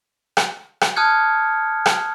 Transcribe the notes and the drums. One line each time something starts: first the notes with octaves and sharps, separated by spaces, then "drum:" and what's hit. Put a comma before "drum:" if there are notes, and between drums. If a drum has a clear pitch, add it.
drum: rim click
drum: rim click
A5 D#6 F6 F#6 G#6 C#7
drum: rim click